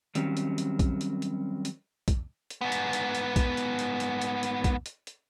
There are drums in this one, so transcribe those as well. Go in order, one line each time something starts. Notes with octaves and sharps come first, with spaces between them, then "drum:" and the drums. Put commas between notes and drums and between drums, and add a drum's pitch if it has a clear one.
D#3 F#3 G3 C4 C#4, drum: hi-hat
drum: hi-hat
drum: hi-hat
drum: kick B1, hi-hat
drum: hi-hat
drum: hi-hat
drum: hi-hat
drum: kick B1, hi-hat
drum: hi-hat
G#2 B3
drum: hi-hat
drum: hi-hat
drum: hi-hat
drum: kick B1, hi-hat
drum: hi-hat
drum: hi-hat
drum: hi-hat
drum: hi-hat
drum: hi-hat
drum: kick B1, hi-hat
drum: hi-hat
drum: hi-hat